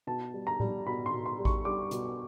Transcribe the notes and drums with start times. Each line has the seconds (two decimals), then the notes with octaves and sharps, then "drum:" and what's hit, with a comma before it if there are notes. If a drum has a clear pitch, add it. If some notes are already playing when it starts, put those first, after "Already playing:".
0.07 B2 A5
0.34 G3
0.47 A#5
0.60 G3, drum: tom A2
0.86 B2 B5
1.06 C6
1.13 B2
1.26 C6
1.38 G3
1.45 C#6, drum: kick A1
1.65 G3 D6
1.91 B2, drum: hi-hat